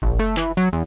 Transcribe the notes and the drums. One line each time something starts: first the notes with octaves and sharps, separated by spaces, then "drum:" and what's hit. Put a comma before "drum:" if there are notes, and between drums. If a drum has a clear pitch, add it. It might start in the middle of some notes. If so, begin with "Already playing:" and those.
A#1, drum: kick F#1
A3
E3, drum: clap
F#3
E2